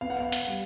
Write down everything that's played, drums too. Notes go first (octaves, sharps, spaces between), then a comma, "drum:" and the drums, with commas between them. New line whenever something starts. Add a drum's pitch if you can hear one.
B3 F5
F#5
F5
drum: hi-hat
G3